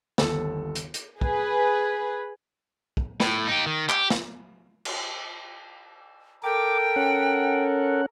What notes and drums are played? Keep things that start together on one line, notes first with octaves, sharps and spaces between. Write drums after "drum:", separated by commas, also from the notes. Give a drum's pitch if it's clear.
G1 D#2 A4, drum: snare
drum: hi-hat
drum: hi-hat
G#4 B4, drum: kick
drum: kick
A2, drum: snare
D#4 G4
D#3
G4, drum: clap
drum: snare
drum: cymbal
A4 A#4 G5 D6
C#4 F#5